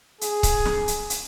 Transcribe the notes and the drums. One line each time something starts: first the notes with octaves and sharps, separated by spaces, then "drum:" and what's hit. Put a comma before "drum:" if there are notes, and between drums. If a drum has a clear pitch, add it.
G#4, drum: hi-hat
drum: kick C#1, hi-hat
drum: snare
drum: hi-hat
drum: hi-hat